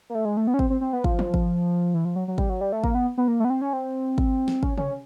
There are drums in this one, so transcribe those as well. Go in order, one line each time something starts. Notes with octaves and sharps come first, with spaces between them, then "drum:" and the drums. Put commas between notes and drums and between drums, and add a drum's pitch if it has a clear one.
A#3
A3
G#3
A3
B3
C#4
C4, drum: kick
C4
C4
B3
F3, drum: kick
drum: tom E3
drum: kick
E3
F3
F#3
F#3
G3, drum: kick
F#3
G3
A3
A#3, drum: kick
B3
B3
A#3
A3
B3
C4
C#4
C4
drum: kick
drum: snare
C#4, drum: kick
C#4, drum: tom C3